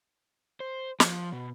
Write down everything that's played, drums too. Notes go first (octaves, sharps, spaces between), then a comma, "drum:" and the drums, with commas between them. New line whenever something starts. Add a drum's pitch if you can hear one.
C5
F3, drum: snare
B2